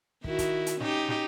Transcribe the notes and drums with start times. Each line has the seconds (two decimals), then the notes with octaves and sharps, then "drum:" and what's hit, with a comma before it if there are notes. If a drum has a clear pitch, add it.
0.24 D#3 E4 F#4, drum: kick
0.39 drum: kick, hi-hat
0.66 drum: hi-hat
0.80 C#4 D#4 G4, drum: snare
1.08 drum: snare